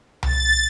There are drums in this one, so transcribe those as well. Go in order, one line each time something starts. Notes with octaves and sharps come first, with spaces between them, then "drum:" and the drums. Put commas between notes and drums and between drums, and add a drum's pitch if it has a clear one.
A6, drum: tom C2